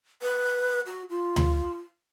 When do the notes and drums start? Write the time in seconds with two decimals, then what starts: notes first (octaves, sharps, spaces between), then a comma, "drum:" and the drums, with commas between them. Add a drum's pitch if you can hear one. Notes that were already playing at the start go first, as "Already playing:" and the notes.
0.22 B4
0.86 F#4
1.10 F4
1.36 drum: tom D2